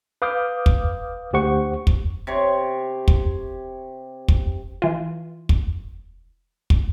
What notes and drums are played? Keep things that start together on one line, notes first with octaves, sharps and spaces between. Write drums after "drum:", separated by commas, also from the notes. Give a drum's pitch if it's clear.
B4 F5 D6 D#6 F6 G6
drum: kick
D2 G4 C5 F#5 C#6
drum: kick
C3 C#5
drum: kick
drum: kick
E3 F4
drum: kick
drum: kick